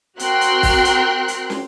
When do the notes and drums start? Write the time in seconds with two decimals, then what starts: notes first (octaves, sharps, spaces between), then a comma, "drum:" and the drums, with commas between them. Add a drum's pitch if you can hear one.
0.19 C4 F#4 A#4 G5 C6 F#6, drum: hi-hat
0.41 drum: hi-hat
0.63 drum: kick, open hi-hat
0.85 drum: hi-hat
1.28 drum: hi-hat
1.50 drum: snare